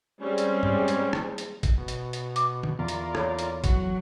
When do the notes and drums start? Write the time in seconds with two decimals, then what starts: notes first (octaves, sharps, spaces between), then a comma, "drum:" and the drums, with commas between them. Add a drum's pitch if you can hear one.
0.22 G3 G#3 C4 C#4
0.38 drum: hi-hat
0.63 drum: tom G2
0.88 drum: hi-hat
1.13 drum: rim click
1.38 drum: hi-hat
1.63 drum: kick, hi-hat
1.78 B2
1.88 drum: hi-hat
2.13 drum: hi-hat
2.36 D6, drum: hi-hat
2.63 drum: tom D3
2.79 E2 F4 A#4 D5
2.88 drum: hi-hat
3.15 A4 C#5 B5, drum: rim click
3.39 drum: hi-hat
3.64 F#3 F#4, drum: kick, hi-hat